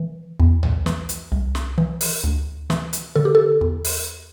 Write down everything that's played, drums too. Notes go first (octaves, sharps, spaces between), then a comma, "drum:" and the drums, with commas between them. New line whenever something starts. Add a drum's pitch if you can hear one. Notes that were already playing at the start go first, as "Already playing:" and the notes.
Already playing: E3
E2
drum: tom B1
E3, drum: snare
drum: hi-hat
C2
drum: snare
E3
drum: open hi-hat
D2
E3, drum: snare
drum: hi-hat
D3 A4
G4
A4
E2
drum: open hi-hat